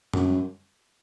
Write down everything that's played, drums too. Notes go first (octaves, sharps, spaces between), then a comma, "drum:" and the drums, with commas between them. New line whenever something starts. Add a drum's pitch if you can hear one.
F#2, drum: tom F#2